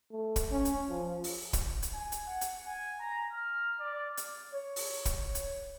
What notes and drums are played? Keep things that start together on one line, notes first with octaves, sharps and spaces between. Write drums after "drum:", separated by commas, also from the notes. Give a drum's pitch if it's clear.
A3
drum: kick, hi-hat
C#4
drum: hi-hat
F3
drum: open hi-hat
drum: kick, hi-hat
drum: hi-hat
G#5
drum: hi-hat
F#5
drum: hi-hat
G#5
A#5
F6
D5
drum: hi-hat
C#5
drum: open hi-hat
drum: kick, hi-hat
drum: hi-hat